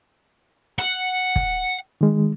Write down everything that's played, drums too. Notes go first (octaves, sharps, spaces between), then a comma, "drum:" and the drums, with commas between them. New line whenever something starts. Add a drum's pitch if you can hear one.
F#5, drum: hi-hat
drum: kick
D#3 G#3